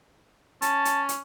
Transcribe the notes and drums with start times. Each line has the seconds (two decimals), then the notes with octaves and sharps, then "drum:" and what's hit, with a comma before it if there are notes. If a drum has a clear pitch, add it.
0.62 C#4 A5, drum: hi-hat
0.85 drum: hi-hat
1.09 drum: hi-hat